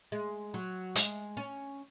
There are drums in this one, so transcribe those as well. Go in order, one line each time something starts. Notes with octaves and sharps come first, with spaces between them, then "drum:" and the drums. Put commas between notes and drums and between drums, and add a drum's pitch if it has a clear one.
G#3
F#3
G#3, drum: hi-hat
C#4